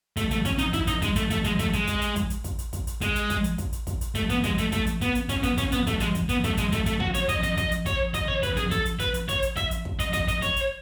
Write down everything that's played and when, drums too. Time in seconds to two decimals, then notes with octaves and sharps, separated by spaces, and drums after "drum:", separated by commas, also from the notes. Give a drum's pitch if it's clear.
0.17 A3, drum: kick, hi-hat
0.31 A3, drum: hi-hat
0.45 C#4, drum: kick, hi-hat
0.58 D#4, drum: hi-hat
0.73 E4, drum: kick, hi-hat
0.87 D#4, drum: hi-hat
1.02 G#3, drum: kick, hi-hat
1.16 A3, drum: hi-hat
1.30 A3, drum: kick, hi-hat
1.44 G#3, drum: hi-hat
1.59 A3, drum: kick, hi-hat
1.73 G#3, drum: hi-hat
1.87 drum: kick, hi-hat
2.02 drum: hi-hat
2.16 drum: kick, hi-hat
2.30 drum: hi-hat
2.44 drum: kick, hi-hat
2.59 drum: hi-hat
2.73 drum: kick, hi-hat
2.87 drum: hi-hat
3.01 G#3, drum: kick, hi-hat
3.16 drum: hi-hat
3.30 drum: kick, hi-hat
3.44 drum: hi-hat
3.58 drum: kick, hi-hat
3.73 drum: hi-hat
3.87 drum: kick, hi-hat
4.01 drum: hi-hat
4.15 A3, drum: kick, hi-hat
4.30 B3, drum: hi-hat
4.44 G#3, drum: kick, hi-hat
4.58 A3, drum: hi-hat
4.72 A3, drum: kick, hi-hat
4.87 drum: hi-hat
5.01 B3, drum: kick, hi-hat
5.15 drum: hi-hat
5.29 C#4, drum: kick, hi-hat
5.43 B3, drum: hi-hat
5.58 C#4, drum: kick, hi-hat
5.72 B3, drum: hi-hat
5.87 A3, drum: kick, hi-hat
6.00 G#3, drum: hi-hat
6.15 drum: kick, hi-hat
6.29 B3, drum: hi-hat
6.44 A3, drum: kick, hi-hat
6.57 G#3, drum: hi-hat
6.72 A3, drum: kick, hi-hat
6.86 A3, drum: hi-hat
7.00 F#4, drum: kick
7.14 C#5, drum: hi-hat
7.29 D#5, drum: kick, hi-hat
7.43 D#5, drum: hi-hat
7.57 D#5, drum: kick, hi-hat
7.71 drum: hi-hat
7.86 C#5, drum: kick, hi-hat
8.14 D#5, drum: kick, hi-hat
8.28 C#5
8.43 B4, drum: kick, hi-hat
8.57 G#4, drum: hi-hat
8.71 A4, drum: kick, hi-hat
8.85 drum: hi-hat
9.00 B4, drum: kick, hi-hat
9.14 drum: hi-hat
9.29 C#5, drum: kick, hi-hat
9.42 drum: hi-hat
9.57 E5, drum: kick, hi-hat
9.71 drum: hi-hat
9.85 drum: kick
10.00 D#5, drum: hi-hat
10.13 D#5, drum: kick, hi-hat
10.28 D#5, drum: hi-hat
10.42 C#5, drum: kick, hi-hat
10.56 drum: hi-hat